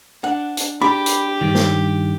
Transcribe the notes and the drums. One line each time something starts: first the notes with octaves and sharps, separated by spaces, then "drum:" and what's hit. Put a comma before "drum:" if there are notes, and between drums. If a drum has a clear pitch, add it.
D4 F#5
drum: hi-hat
D4 G4 B5
drum: hi-hat
G2 D#3
drum: snare